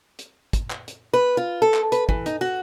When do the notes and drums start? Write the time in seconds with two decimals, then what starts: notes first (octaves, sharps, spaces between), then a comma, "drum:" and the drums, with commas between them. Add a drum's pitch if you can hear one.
0.19 drum: hi-hat
0.53 drum: kick, hi-hat
0.71 drum: clap
0.88 drum: hi-hat
1.13 B4
1.37 F4
1.62 A4
1.74 drum: clap
1.92 B4, drum: hi-hat
2.09 E3, drum: kick
2.26 D#4, drum: hi-hat
2.41 F#4